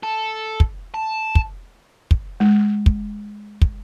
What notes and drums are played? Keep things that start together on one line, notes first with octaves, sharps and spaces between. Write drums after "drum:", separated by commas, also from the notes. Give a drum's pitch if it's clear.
A4
drum: kick
A5
drum: kick
drum: kick
G#3
drum: kick
drum: kick